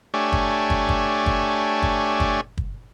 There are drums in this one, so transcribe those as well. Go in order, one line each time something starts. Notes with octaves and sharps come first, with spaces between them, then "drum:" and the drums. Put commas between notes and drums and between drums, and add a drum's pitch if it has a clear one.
A3 D4 G4 C#5 G#5
drum: kick
drum: kick
drum: kick
drum: kick
drum: kick
drum: kick
drum: kick